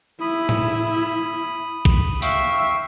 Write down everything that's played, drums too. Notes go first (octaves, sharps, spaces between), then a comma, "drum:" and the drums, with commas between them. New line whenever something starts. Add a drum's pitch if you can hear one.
E4 B5 D#6
drum: tom A2
drum: kick
E5 F5 G5 C#6, drum: open hi-hat